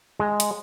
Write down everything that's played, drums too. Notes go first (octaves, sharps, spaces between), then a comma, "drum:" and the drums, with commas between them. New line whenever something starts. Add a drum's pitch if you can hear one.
G#3
drum: hi-hat